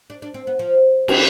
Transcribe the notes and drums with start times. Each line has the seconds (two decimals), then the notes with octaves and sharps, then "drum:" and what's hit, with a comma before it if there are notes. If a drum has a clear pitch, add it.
0.10 D4
0.22 D4
0.34 C4
0.47 B3
0.59 F3
1.08 E3, drum: cymbal